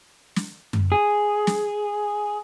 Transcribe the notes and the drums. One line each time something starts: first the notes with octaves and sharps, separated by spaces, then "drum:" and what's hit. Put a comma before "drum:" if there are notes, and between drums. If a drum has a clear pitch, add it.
drum: snare
drum: tom F#2
G#4
drum: snare